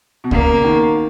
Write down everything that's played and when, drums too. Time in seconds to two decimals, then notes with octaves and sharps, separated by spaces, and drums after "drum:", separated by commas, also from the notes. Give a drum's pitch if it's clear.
0.24 B2
0.31 A#2 C#3 A#3, drum: kick C#2
0.64 B2 D#3